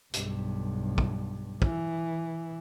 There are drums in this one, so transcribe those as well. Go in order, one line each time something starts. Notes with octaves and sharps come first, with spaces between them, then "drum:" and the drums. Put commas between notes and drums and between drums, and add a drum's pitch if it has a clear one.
B1 G2, drum: hi-hat
drum: kick
E3, drum: kick